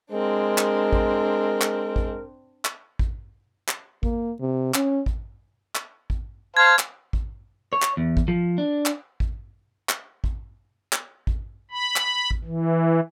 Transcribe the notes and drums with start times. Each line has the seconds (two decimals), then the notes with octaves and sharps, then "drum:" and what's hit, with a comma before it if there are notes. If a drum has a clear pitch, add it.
0.12 G#3 C4 D4 A#4
0.58 drum: clap
0.93 drum: kick A1
1.61 drum: clap
1.96 drum: kick A1
2.65 drum: clap
2.99 drum: kick A1
3.68 drum: clap
4.03 A#3, drum: kick A1
4.40 C3
4.74 C#4, drum: clap
5.06 drum: kick A1
5.75 drum: clap
6.10 drum: kick A1
6.57 C5 F5 A5 G#6
6.79 drum: clap
7.13 drum: kick A1
7.73 C#5
7.82 drum: clap
7.97 E2
8.17 drum: kick A1
8.28 F3
8.58 D4
8.86 drum: clap
9.20 drum: kick A1
9.89 drum: clap
10.24 drum: kick A1
10.93 drum: clap
11.27 drum: kick A1
11.71 B5
11.96 drum: clap
12.31 drum: kick A1
12.44 E3